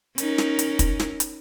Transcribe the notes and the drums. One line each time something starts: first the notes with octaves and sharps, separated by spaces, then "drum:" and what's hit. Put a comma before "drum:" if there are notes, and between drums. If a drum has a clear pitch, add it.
C#4 D#4 A#4, drum: hi-hat
drum: snare
drum: hi-hat
drum: kick, hi-hat
drum: snare
drum: hi-hat